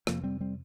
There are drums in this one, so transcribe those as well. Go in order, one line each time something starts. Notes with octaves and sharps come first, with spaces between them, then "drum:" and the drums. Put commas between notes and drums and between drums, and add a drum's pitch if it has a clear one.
F2 C3 F3 A#3, drum: rim click
G3 C4
G3 C4